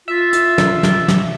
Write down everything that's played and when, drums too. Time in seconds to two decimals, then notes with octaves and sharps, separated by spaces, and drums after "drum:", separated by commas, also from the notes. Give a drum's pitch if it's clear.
0.08 F4 E5
0.33 drum: hi-hat
0.58 drum: snare
0.83 drum: snare
1.08 drum: snare